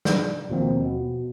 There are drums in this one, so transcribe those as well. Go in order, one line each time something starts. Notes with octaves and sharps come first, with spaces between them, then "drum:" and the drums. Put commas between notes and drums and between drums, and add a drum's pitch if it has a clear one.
D5, drum: snare
D#2 B2 F3 A#3 C4
B2